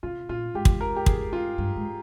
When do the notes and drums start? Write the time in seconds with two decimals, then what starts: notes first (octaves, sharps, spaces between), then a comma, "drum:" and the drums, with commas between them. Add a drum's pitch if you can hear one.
0.03 C3 F4
0.29 A#2 F4
0.54 G#2 G4
0.65 drum: kick
0.81 A#4
0.96 G4
1.06 G#4, drum: kick
1.33 F4
1.58 G2
1.76 G#2